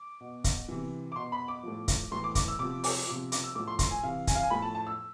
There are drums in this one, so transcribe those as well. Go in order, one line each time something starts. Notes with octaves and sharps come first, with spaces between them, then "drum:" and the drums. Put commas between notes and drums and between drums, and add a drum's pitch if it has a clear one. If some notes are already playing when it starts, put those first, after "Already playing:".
Already playing: D6
B2
drum: kick, hi-hat
C3 E3
D6
B2 C6
B5
D6
A2 F3
drum: kick, hi-hat
A2 E3 C6
D6
D6, drum: kick, hi-hat
E6
C3 F3 D6
D6, drum: open hi-hat
C3 F3 D6
D6, drum: hi-hat
E6
A2 F3 D6
C6
C6, drum: kick, hi-hat
G#5
C3 E3 F5
G#5, drum: kick, hi-hat
F5
G#5
A2 F3 B5
A5
A5
E6